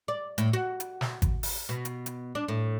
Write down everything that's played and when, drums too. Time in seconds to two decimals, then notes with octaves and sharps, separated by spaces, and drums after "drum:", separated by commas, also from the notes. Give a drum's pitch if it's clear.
0.08 D5
0.38 A2, drum: hi-hat
0.53 F#4
0.80 drum: hi-hat
1.01 drum: snare
1.22 drum: kick G#1, hi-hat
1.43 drum: open hi-hat
1.69 B2
1.85 drum: hi-hat
2.06 drum: hi-hat
2.35 D4
2.48 A2